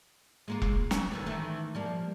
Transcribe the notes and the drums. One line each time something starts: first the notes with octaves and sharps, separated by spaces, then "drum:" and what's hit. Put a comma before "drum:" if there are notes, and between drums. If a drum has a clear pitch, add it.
G#3 A#3 F4
drum: kick E1
C#4, drum: snare
D3 D#3 B3
D#3 E3 A3
F3 G3 A#3